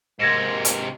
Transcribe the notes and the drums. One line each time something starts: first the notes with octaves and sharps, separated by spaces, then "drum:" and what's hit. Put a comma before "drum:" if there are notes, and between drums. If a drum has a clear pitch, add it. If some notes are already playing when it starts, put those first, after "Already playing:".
G#2 C3 A#3 G#6 A#6 E7
drum: hi-hat